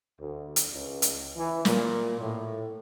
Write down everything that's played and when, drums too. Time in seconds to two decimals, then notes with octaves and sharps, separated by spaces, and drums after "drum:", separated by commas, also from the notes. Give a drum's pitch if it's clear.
0.19 D2
0.56 drum: hi-hat
0.72 C#2
1.02 drum: hi-hat
1.36 E3
1.65 A#2, drum: snare
2.20 A2